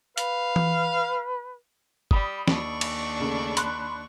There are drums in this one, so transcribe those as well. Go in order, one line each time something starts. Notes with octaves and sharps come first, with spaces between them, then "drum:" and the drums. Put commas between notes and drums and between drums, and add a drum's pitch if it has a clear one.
B4 F5, drum: hi-hat
drum: tom E3
G3 B5 D#6, drum: kick
D#2 D4 C#6, drum: snare
drum: cymbal
C#3 A3
B5 C6 F#6, drum: hi-hat